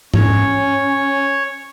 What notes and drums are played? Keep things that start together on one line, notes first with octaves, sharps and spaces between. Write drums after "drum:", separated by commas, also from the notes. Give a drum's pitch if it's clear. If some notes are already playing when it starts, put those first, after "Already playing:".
C#4 C#5, drum: tom G#2